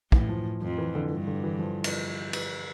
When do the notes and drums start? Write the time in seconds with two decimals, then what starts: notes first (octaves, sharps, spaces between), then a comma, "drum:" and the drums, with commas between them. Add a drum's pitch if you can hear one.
0.12 A2 E3, drum: kick
0.29 F3
0.62 F2 F3
0.78 E3
0.95 D3
1.11 G2 E3
1.27 D3
1.44 E3
1.59 F3
1.84 drum: cymbal
2.33 drum: cymbal